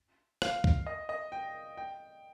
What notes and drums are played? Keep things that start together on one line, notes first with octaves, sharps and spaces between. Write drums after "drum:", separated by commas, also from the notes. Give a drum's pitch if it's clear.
F5, drum: rim click
drum: kick
D#5
D#5
G5
G5